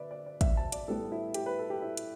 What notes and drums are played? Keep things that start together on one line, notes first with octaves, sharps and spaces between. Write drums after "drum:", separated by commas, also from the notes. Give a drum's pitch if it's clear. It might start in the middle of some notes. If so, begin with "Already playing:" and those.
Already playing: D3 B4 D5 E5
D5
D5
E5, drum: kick, hi-hat
A5
D5, drum: hi-hat
A2 G3 B3 A4
E4
G4, drum: hi-hat
B4
A4
G4
E4
drum: hi-hat